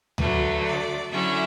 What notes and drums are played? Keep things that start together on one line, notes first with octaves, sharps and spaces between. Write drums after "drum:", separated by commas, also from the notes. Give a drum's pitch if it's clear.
D3 F#3 A3 B4, drum: tom D2
D5
D3 F#3 C#4 E4 E5